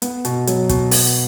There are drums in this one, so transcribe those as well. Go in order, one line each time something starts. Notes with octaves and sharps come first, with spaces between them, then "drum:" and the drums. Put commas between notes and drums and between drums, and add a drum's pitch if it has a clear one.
B3, drum: hi-hat
B2, drum: hi-hat
F#3, drum: hi-hat
B2, drum: kick, hi-hat
B3, drum: open hi-hat